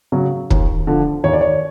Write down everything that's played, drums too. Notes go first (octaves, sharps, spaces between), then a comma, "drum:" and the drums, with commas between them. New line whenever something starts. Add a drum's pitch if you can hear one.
C#3 F#3
D#2, drum: kick
D3 F3
D#2 C#5
D5
C#5